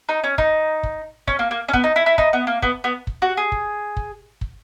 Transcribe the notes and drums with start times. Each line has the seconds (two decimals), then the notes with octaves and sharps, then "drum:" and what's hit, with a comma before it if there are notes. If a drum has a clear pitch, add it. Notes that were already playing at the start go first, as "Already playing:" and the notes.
0.09 D#4
0.24 C#4
0.38 D#4, drum: kick
0.83 drum: kick
1.28 C#4, drum: kick
1.39 A#3
1.51 A#3
1.68 C#4
1.73 B3, drum: kick
1.84 D#4
1.96 E4
2.06 E4
2.18 D#4, drum: kick
2.33 B3
2.47 A#3
2.62 B3, drum: kick
2.84 B3
3.07 drum: kick
3.22 F#4
3.37 G#4
3.52 drum: kick
3.97 drum: kick
4.41 drum: kick